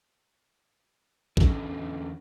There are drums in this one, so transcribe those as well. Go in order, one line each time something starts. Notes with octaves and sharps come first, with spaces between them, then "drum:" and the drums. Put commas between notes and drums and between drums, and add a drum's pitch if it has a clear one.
E2 D3 C#4 A4 A#4, drum: kick A#1